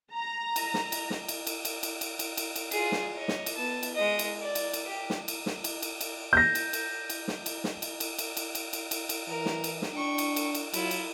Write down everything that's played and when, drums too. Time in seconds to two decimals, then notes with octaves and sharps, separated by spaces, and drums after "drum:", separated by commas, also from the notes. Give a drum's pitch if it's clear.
0.12 A#5
0.56 drum: cymbal
0.74 drum: snare
0.92 drum: cymbal
1.10 drum: snare
1.28 drum: cymbal
1.47 drum: cymbal
1.65 drum: cymbal
1.83 drum: cymbal
2.01 drum: cymbal
2.19 drum: cymbal
2.37 drum: cymbal
2.56 drum: cymbal
2.71 F4 G#4, drum: cymbal
2.92 drum: snare
3.16 C#5 D#5
3.28 drum: snare
3.46 drum: cymbal
3.56 B3 A5
3.83 drum: cymbal
3.95 G#3 D#5
4.19 drum: cymbal
4.41 D5
4.55 drum: cymbal
4.73 drum: cymbal
4.87 G4
5.10 drum: snare
5.28 drum: cymbal
5.46 drum: snare
5.64 drum: cymbal
5.82 drum: cymbal
6.01 drum: cymbal
6.33 G6 A#6
6.55 drum: cymbal
6.73 drum: cymbal
7.10 drum: cymbal
7.28 drum: snare
7.46 drum: cymbal
7.64 drum: snare
7.82 drum: cymbal
8.00 drum: cymbal
8.19 drum: cymbal
8.37 drum: cymbal
8.55 drum: cymbal
8.73 drum: cymbal
8.91 drum: cymbal
9.09 drum: cymbal
9.27 E3 A#4
9.46 drum: snare
9.64 drum: cymbal
9.82 drum: snare
9.93 D4 G5 C#6
10.18 drum: cymbal
10.36 drum: cymbal
10.55 drum: cymbal
10.74 F#3 E4 F4, drum: cymbal
10.91 drum: cymbal